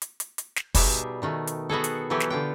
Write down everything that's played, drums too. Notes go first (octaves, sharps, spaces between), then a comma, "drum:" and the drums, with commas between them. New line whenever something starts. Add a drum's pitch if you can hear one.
drum: hi-hat
drum: hi-hat
drum: hi-hat
drum: snare
B2 G3 D#4 G4 G#4 E5, drum: kick, open hi-hat
B2 D#3 A3
drum: hi-hat
B3 F#4 G#4 A4
drum: hi-hat
E3 F#3 B3 G4 A4 G#5
drum: snare
D3 F4 G5